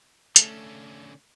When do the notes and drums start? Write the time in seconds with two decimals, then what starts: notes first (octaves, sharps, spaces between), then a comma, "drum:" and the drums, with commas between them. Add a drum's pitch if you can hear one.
0.36 D3 A3 C#4, drum: hi-hat